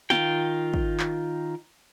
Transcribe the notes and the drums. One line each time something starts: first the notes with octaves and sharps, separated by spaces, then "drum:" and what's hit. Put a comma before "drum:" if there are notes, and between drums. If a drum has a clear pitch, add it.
D#3 F4 G5, drum: snare
drum: kick
drum: clap